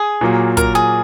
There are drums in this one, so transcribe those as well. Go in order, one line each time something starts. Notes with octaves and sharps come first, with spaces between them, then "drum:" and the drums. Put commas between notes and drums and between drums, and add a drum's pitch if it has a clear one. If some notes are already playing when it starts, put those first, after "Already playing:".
Already playing: G#4
A#2 F#3 A#3
A#4, drum: kick, hi-hat
G#4